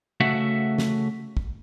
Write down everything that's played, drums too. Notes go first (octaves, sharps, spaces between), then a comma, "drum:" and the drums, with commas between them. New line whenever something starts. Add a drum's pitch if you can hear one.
C#3 A3 F#4 E5 F#5
drum: snare
drum: kick